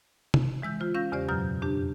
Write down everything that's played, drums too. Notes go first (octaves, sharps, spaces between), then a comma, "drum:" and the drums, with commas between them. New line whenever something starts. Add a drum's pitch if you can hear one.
drum: tom C3
E3 G#3 E6 G6
F4 C5
C#4 F5 E6 G6 A#6
E2 C#3 G4 C5 D5
F#2 B2 F#3 F6 G6
F2 D4 G4